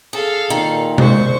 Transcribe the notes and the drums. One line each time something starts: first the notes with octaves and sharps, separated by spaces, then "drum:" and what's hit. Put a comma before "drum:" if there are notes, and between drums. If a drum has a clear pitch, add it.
G#4 A4 F5
A#2 D#3
G#3 C5 C#6, drum: tom C3